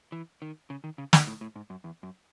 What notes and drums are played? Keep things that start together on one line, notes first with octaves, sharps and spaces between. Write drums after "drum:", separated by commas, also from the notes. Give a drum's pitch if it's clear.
E3
D#3
C#3
D#3
C#3
B2, drum: snare
A2
A2
G#2
F#2
E2
F#2